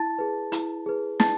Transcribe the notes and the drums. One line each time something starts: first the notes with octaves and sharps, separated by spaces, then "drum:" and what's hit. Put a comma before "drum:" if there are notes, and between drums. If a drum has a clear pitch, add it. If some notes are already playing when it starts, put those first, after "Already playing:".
Already playing: E4 A5 A6
G#4 B4
E4, drum: hi-hat
G#4 B4
E4 A5 A6, drum: snare